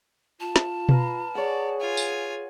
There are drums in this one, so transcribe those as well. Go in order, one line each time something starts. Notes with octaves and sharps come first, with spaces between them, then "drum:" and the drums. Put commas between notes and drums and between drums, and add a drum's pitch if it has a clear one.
F4 A5
drum: snare
B4 F5 A#5, drum: tom B2
G#4 C#5 D5 F#5
F4 G#5
drum: tambourine